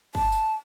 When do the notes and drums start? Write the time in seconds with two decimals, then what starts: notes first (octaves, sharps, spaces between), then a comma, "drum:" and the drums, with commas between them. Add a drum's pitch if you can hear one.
0.15 A5, drum: kick
0.32 drum: tambourine